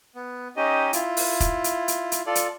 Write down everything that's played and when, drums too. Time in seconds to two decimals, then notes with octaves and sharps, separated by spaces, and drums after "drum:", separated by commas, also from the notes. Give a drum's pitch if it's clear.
0.15 B3
0.56 C#4 D#4 G4 D#5
0.93 E4 F4, drum: hi-hat
1.17 drum: open hi-hat
1.40 drum: kick F1, hi-hat
1.64 drum: hi-hat
1.88 drum: hi-hat
2.12 drum: hi-hat
2.26 F4 A4 D5
2.35 drum: hi-hat